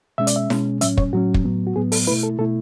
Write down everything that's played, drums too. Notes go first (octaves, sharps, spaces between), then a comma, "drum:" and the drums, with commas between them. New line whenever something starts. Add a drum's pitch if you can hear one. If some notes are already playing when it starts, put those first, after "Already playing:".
B2 G#3 C#4 E5
D5, drum: hi-hat
E5
B2 G#3 C#4, drum: snare E4
A2 F#3 C#4 E5, drum: hi-hat
C#5, drum: kick
A2 F#3 C#4 F#4
drum: kick
A2 F#3 B3
F#4
A2 F#3 B3 G#4
A4, drum: open hi-hat
B2 A3 E4 B4
A4
B2 A3 E4 A4